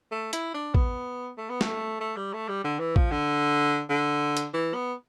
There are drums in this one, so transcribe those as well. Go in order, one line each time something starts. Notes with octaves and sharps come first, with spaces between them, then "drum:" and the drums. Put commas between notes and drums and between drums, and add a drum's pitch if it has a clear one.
A3
E4, drum: hi-hat
D4
B3, drum: kick
A3
B3
A3, drum: snare
A3
G3
A3
G3
D3
E3
F3, drum: kick
D3
D3
drum: hi-hat
E3
B3